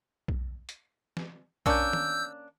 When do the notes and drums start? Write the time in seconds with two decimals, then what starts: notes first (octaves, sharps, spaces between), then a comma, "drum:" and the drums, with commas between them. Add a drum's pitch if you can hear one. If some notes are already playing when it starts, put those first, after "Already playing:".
0.28 drum: kick B1
0.69 drum: hi-hat
1.17 drum: snare
1.66 A#3 C#4 D4 E6 G6, drum: kick B1
1.93 drum: tom D#3